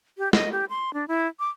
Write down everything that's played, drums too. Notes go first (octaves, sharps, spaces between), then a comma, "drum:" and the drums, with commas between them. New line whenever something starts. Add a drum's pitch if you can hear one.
G4
D#5, drum: snare
G4
C6
D4
E4
D6